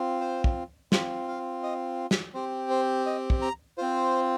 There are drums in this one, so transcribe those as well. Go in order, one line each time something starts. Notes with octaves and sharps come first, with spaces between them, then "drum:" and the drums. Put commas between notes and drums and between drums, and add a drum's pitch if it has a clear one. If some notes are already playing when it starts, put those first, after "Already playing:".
Already playing: C4 F4
C5
drum: kick
C4 F4 C6, drum: snare
F5
D#5
drum: snare
C4 G4 C5
C5
D#5
drum: kick
A#5
C4 F4 C5